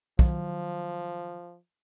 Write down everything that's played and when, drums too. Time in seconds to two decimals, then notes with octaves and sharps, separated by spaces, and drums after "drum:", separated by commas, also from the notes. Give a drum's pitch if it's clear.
0.19 D#3 F3 F#3, drum: kick